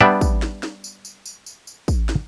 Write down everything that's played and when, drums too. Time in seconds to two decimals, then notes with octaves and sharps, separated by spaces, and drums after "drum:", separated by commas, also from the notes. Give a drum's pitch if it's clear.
0.01 G3 B3 D4 D5 E5
0.21 drum: kick, tambourine
0.42 drum: snare
0.63 drum: snare
0.84 drum: tambourine
1.05 drum: tambourine
1.26 drum: tambourine
1.46 drum: tambourine
1.67 drum: tambourine
1.88 drum: kick, tambourine
2.09 drum: snare